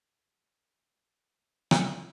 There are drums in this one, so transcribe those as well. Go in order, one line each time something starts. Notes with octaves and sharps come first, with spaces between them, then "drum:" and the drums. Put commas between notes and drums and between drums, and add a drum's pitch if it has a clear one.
C4 D4 G4
G2
E2 C3 F#3
D4
drum: rim click
G#2